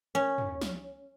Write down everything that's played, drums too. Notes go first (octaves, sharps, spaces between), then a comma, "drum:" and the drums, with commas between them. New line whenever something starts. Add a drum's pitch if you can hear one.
C#4
drum: tom
drum: snare